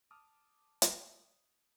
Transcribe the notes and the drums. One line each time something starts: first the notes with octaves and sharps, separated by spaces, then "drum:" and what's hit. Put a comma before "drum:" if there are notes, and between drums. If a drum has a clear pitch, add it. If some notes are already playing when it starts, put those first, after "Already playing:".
A5 D6 D#6 F6
drum: hi-hat